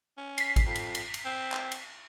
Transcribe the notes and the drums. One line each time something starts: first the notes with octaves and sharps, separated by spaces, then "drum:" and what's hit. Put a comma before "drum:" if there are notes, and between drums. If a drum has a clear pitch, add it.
C#4
B6 C7, drum: cymbal
drum: kick, cymbal
F2
drum: cymbal
drum: cymbal
drum: cymbal
C4
drum: clap
drum: cymbal